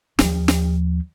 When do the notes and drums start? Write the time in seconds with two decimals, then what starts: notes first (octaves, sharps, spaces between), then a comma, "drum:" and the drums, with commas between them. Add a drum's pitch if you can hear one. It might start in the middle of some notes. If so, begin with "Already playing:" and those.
0.19 D#2 F3, drum: snare
0.48 drum: snare